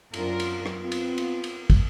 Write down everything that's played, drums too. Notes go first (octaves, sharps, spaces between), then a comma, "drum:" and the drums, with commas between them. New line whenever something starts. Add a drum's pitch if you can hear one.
F#2 F#3 C4 D4 F4 A#4, drum: cymbal
drum: cymbal
drum: rim click
B3 C4 F4
drum: cymbal
drum: cymbal
drum: cymbal
drum: kick, cymbal